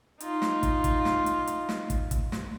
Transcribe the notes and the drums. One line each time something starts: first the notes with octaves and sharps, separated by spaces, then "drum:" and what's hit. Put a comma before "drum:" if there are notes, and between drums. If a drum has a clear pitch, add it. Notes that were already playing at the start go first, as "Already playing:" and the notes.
D#4 F4, drum: hi-hat
drum: snare
drum: kick, hi-hat
drum: kick, hi-hat
drum: snare
drum: hi-hat
drum: hi-hat
drum: snare
drum: kick, hi-hat
drum: kick, hi-hat
drum: snare